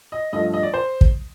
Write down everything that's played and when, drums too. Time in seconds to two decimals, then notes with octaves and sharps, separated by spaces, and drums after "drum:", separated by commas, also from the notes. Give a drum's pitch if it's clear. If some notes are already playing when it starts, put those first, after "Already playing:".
0.12 D#5
0.33 G2 F3 A3 D#5
0.54 D#5
0.63 D5
0.74 C5
1.01 drum: kick